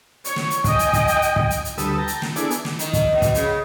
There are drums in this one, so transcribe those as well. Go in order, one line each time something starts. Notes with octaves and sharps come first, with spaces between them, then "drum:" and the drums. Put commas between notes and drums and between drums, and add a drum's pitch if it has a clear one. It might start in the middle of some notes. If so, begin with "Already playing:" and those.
C#5, drum: hi-hat
drum: snare
drum: hi-hat
D#5 G5 G#5, drum: kick, hi-hat
drum: hi-hat
drum: kick, hi-hat
drum: hi-hat
drum: hi-hat
drum: kick
drum: hi-hat
drum: hi-hat
D2 G3 A4 B4 D#6 E6, drum: hi-hat
G5 A5 A#5
drum: hi-hat
drum: snare
B3 D4 E4 G#4 A4 D5, drum: hi-hat
drum: hi-hat
drum: snare
D#3, drum: hi-hat
drum: kick, hi-hat
B2
drum: kick, hi-hat
C#3, drum: hi-hat